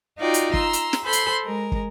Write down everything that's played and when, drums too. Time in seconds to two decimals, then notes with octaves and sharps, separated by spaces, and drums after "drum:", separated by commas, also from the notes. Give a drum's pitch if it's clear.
0.19 D#4 F4 F#4 D5 G5
0.34 drum: hi-hat
0.54 A#5 C6 E6, drum: kick
0.73 drum: hi-hat
0.93 drum: snare
1.03 A4 C5 B5 C6
1.13 drum: hi-hat
1.44 G#3 A#4
1.72 drum: kick